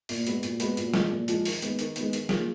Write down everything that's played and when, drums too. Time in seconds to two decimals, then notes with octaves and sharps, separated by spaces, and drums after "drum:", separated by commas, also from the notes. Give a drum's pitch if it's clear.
0.09 A#2, drum: open hi-hat
0.27 G#3 B3 F#4 B4, drum: hi-hat
0.43 A#2, drum: hi-hat
0.60 G#3 B3 F#4 B4, drum: hi-hat
0.77 A#2, drum: hi-hat
0.94 F3 G#3, drum: snare F#3
1.11 A#2
1.28 F3 G#3, drum: hi-hat
1.45 D#3, drum: open hi-hat
1.62 G#3 B3, drum: hi-hat
1.79 D#3, drum: hi-hat
1.96 G#3 B3, drum: hi-hat
2.13 D#3, drum: hi-hat
2.29 A#3 F4 G#4, drum: snare F#3